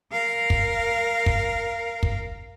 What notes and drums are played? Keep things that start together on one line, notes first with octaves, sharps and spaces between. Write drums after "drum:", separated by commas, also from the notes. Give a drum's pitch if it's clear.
A#4 F5
drum: kick
drum: kick
drum: kick